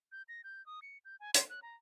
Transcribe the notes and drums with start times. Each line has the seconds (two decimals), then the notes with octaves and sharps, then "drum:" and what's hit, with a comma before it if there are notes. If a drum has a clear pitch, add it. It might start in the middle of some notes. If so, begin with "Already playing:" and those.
0.12 G6
0.28 A#6
0.44 G6
0.66 D#6
0.82 C#7
1.05 G6
1.20 G#5
1.34 C6, drum: hi-hat
1.50 F#6
1.62 A#5